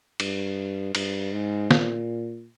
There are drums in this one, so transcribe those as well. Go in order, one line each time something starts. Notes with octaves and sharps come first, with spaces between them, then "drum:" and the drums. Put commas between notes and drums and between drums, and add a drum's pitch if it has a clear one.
G2, drum: cymbal
G2, drum: cymbal
G#2
A#2, drum: snare